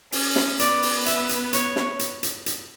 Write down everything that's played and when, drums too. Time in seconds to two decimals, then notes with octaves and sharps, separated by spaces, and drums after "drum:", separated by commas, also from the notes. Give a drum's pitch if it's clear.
0.12 C#4, drum: open hi-hat
0.36 drum: snare
0.59 B3 D5, drum: hi-hat
0.82 drum: open hi-hat
1.06 E5, drum: hi-hat
1.29 drum: hi-hat
1.53 C#5, drum: hi-hat
1.76 drum: snare
1.99 drum: hi-hat
2.23 drum: hi-hat
2.46 drum: hi-hat